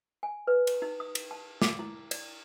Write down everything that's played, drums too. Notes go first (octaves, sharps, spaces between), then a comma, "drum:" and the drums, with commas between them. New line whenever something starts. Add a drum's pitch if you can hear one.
G#5
B4
drum: cymbal
D#4
D#6
drum: cymbal
A5
D6, drum: snare
E4
D5, drum: cymbal